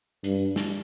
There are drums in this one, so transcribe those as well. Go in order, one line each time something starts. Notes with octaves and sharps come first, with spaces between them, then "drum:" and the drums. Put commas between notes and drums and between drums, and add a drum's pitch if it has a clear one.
G2, drum: hi-hat
drum: snare